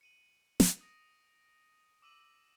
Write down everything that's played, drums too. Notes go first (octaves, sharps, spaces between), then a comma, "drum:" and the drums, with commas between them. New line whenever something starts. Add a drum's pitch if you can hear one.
C#7 D#7 F#7
drum: snare
D#6 A#6 D7
D6 E6 D#7 F#7